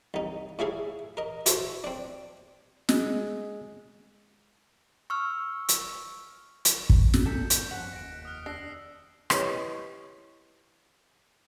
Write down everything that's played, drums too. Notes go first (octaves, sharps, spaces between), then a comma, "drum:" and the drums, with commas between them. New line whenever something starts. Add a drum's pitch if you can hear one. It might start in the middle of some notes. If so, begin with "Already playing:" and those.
C2 D#4
A2 A3 E4 G#4 F5
A#4 D#5
E4 F#4 A4 C5, drum: hi-hat
C4 D4
G#3, drum: snare
C#6 E6 F6
drum: hi-hat
drum: hi-hat
drum: kick
drum: snare
A#2 A4 G6 B6 C#7 E7
G1 D3, drum: hi-hat
G2 F3 C#4 F#5 F#6
F1 D#2 A#6 D7
D#6 F6
D4 E6 A#6 C7
E4 G4 B4 C#5 D#5 C#6, drum: rim click